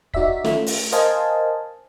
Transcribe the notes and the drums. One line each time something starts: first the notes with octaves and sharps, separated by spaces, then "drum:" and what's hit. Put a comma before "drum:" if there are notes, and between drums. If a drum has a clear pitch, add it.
D#4 F#4 D5 E5 B6, drum: kick
A3 C#4 F4, drum: snare
drum: open hi-hat
A#4 C5 D#5 F5 G#5 A5, drum: hi-hat